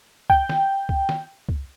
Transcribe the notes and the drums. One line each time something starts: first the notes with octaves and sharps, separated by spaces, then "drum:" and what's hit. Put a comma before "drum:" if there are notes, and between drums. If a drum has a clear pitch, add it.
G5, drum: kick
drum: snare D#3
drum: kick
drum: snare D#3
drum: kick